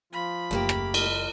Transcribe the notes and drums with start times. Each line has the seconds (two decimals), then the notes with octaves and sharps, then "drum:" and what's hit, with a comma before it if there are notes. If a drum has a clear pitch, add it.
0.13 F3 F4 B5
0.51 F#1 A3 A#3 G4
0.69 drum: rim click
0.94 G#3 A#4, drum: cymbal